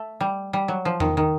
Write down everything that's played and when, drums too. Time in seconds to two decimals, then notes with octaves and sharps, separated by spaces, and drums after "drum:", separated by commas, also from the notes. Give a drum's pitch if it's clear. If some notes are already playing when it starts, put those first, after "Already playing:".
Already playing: A3
0.21 G3
0.53 G3
0.68 F#3
0.85 F3
1.00 D#3, drum: tom E2
1.17 D#3